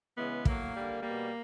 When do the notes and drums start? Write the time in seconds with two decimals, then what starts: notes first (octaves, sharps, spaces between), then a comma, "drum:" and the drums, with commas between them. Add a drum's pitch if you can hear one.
0.18 C#3 E3 G#3 B3
0.45 A2 F#3 A#3, drum: kick
0.74 D3 G3
1.02 B2 G3 A#3